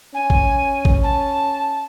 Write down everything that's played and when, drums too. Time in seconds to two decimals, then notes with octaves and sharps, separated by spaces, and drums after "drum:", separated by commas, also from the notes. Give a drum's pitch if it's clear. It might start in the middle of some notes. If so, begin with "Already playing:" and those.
0.14 C#4 G#5
0.30 drum: kick
0.85 drum: kick
1.03 A5